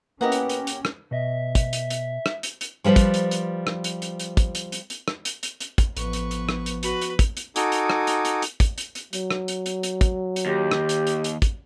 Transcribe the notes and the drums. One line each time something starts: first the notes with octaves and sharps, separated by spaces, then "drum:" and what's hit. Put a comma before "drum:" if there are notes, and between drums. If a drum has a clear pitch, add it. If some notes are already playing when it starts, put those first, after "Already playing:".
A#3 B3 C#4 E4 G4 A#4 D#5 F#5
drum: hi-hat
drum: hi-hat
drum: hi-hat
drum: rim click
B2 D#5 E5
drum: kick, hi-hat
drum: hi-hat
drum: hi-hat
drum: rim click
drum: hi-hat
drum: hi-hat
F3 G3 B4 C5 D5
drum: kick, hi-hat
drum: hi-hat
drum: hi-hat
drum: rim click
drum: hi-hat
drum: hi-hat
drum: hi-hat
drum: kick, hi-hat
drum: hi-hat
drum: hi-hat
drum: hi-hat
drum: rim click
drum: hi-hat
drum: hi-hat
drum: hi-hat
drum: kick, hi-hat
A1 F3 B3 B4 C#6, drum: hi-hat
drum: hi-hat
drum: hi-hat
drum: rim click
drum: hi-hat
F#4 B4 B5, drum: hi-hat
drum: hi-hat
drum: kick, hi-hat
drum: hi-hat
D#4 F#4 A4 G#5 D6 D#6, drum: hi-hat
drum: hi-hat
drum: rim click
drum: hi-hat
drum: hi-hat
drum: hi-hat
drum: kick, hi-hat
drum: hi-hat
drum: hi-hat
F#3, drum: hi-hat
drum: rim click
drum: hi-hat
drum: hi-hat
drum: hi-hat
drum: kick, hi-hat
drum: hi-hat
D#2 G4
drum: rim click
drum: hi-hat
drum: hi-hat
drum: hi-hat
drum: kick, hi-hat